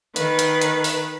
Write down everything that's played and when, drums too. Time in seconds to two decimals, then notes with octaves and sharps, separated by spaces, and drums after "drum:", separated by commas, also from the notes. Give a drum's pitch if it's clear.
0.16 D#3 B4, drum: hi-hat
0.39 drum: hi-hat
0.62 drum: hi-hat
0.84 drum: open hi-hat